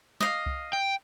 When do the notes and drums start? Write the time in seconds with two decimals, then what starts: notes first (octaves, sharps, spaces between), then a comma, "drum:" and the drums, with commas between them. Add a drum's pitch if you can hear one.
0.21 D#5 F5, drum: snare
0.46 drum: kick C2
0.73 G5